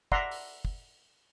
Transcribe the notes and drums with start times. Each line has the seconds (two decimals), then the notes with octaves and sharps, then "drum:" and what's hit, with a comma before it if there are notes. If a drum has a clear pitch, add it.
0.12 D5 E5 F#5 A#5 C6, drum: kick
0.31 drum: open hi-hat
0.65 drum: kick